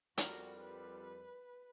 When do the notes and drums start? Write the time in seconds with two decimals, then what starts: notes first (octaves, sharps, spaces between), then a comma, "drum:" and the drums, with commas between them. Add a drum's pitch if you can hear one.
0.18 F2 G3 D4 F#4 A#4, drum: hi-hat
0.63 B4